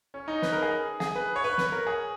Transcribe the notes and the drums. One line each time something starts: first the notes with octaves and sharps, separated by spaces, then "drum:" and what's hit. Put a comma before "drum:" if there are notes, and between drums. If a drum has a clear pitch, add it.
C#4
D#4
B4, drum: snare
A#4
G#4
G#4, drum: snare
B4
C#5
B4
C#5
B4, drum: snare
A#4
G#4